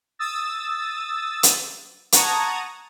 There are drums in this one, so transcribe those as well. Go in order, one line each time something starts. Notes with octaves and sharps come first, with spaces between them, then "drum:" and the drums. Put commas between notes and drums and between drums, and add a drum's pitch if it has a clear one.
D#6 E6 A6
drum: hi-hat
F#5 A5 A#5 C#6 D#6 G#6, drum: hi-hat